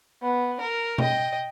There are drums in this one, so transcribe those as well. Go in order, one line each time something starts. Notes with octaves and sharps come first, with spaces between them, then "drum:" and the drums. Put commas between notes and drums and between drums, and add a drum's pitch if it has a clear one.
B3
A#4
D#5 G5, drum: tom B2